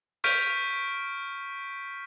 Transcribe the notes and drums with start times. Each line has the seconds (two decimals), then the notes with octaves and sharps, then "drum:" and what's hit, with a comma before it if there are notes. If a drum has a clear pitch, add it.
0.24 C#6 F6 G6 B6 D7 D#7, drum: open hi-hat